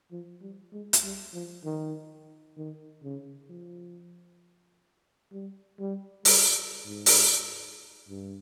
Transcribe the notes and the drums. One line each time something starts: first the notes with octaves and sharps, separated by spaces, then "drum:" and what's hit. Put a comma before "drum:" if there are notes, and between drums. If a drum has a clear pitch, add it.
F3
G3
G#3
drum: hi-hat
G3
F3
D#3
D#3
C#3
F3
G3
G3
G3, drum: open hi-hat
G#2
drum: open hi-hat
G2